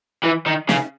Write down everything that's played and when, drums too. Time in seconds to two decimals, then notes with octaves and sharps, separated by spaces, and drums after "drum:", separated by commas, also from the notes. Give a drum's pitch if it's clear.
0.24 E3
0.46 D#3
0.69 C#3, drum: snare